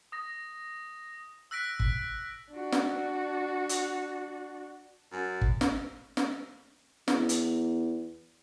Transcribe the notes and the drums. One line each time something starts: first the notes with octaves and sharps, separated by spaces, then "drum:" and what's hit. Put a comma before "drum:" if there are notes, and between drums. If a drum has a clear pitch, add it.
D#6 A#6
E6 F#6 A#6 B6 D7
drum: kick
D4 F#4
drum: snare
drum: hi-hat
F#2
drum: kick
drum: snare
drum: snare
E2, drum: snare
drum: hi-hat